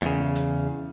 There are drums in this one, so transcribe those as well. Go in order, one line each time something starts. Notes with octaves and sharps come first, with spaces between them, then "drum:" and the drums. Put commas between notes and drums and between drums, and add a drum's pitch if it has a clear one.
E2 C#3, drum: snare
drum: hi-hat